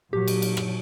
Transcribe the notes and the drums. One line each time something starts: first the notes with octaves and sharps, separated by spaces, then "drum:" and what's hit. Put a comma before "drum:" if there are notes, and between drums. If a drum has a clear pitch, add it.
A#2 F#3 G4
drum: cymbal
drum: cymbal
drum: rim click